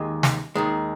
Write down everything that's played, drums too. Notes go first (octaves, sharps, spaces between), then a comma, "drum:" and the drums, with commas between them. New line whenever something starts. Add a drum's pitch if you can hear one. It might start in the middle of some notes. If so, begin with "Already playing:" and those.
Already playing: D#2 D#3 G#3
drum: snare
D#2 D#3 G#3